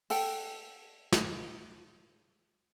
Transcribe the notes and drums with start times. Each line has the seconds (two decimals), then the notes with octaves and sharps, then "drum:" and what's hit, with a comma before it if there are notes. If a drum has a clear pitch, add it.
0.10 A4 F#5 G5, drum: open hi-hat
1.12 drum: snare